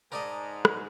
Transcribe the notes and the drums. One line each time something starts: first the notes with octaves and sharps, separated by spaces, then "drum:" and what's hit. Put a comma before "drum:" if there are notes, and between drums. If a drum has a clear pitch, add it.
G#2 A#4 D5 D#5 A5 A#5
drum: rim click